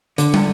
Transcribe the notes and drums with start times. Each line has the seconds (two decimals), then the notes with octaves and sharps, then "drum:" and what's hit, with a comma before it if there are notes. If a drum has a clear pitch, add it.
0.18 D3, drum: hi-hat
0.34 drum: tom